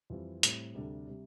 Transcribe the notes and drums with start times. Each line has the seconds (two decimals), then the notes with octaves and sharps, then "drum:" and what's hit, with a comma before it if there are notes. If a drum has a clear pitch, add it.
0.10 F2 E3 G3 C4 F4
0.43 A2 G3 C4, drum: hi-hat
0.74 D2 C3 G3 D4 A4
1.07 C3 G3